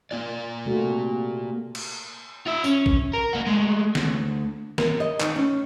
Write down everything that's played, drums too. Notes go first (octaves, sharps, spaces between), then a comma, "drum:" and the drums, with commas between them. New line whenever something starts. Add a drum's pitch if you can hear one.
A#3 F4 D5
C3 A3 F#4
drum: cymbal
F4 E5
C#4, drum: tambourine
drum: kick
A#4
A#3 F#4
G#3 A3
D2, drum: snare
A#4, drum: snare
D#5
D#3, drum: clap
C#4